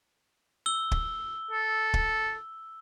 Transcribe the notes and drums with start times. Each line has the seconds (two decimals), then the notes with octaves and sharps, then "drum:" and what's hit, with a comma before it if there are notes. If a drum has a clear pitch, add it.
0.66 E6 G7
0.91 drum: kick
1.51 A4
1.94 drum: kick